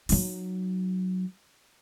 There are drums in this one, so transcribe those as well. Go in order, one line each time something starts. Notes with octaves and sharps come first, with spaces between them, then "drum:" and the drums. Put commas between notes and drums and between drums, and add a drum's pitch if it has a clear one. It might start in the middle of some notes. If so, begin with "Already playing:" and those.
F#3 D#4, drum: open hi-hat